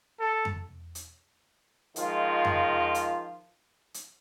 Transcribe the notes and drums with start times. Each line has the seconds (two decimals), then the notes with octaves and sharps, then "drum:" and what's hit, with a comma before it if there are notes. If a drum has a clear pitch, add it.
0.20 A4
0.45 drum: tom F2
0.95 drum: hi-hat
1.96 D#3 F3 G#3 F4, drum: hi-hat
2.45 drum: tom F2
2.95 drum: hi-hat
3.94 drum: hi-hat